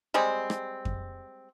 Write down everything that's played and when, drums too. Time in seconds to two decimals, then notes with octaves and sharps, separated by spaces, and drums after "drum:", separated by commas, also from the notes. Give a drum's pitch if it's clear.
0.14 G3 G#3 C4
0.50 drum: rim click
0.85 drum: kick F2